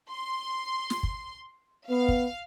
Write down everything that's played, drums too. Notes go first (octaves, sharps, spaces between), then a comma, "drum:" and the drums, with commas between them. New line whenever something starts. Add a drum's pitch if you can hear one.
C6
drum: snare
drum: kick
B3 F5
drum: kick